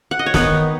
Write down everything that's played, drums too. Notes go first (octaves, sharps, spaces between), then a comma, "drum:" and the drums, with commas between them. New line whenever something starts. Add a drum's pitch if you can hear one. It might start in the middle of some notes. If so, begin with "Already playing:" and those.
F#5
D#5
C#5
D#3 B3 D#4 B4, drum: snare